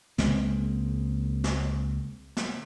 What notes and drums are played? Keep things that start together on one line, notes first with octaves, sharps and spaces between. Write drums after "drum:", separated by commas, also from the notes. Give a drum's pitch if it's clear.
C#2 G#3 A#3 C4, drum: snare
drum: snare
drum: snare